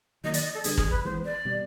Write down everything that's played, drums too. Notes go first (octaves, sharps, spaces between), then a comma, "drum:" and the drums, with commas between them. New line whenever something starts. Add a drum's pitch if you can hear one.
D#3 F#3 A#3 D#5
D5, drum: hi-hat
D#5
A4
D3 G3 B3 D4 G#4, drum: hi-hat
G#4, drum: kick
B4
E3 G#3 B3 C5
D5
B2 G3 B3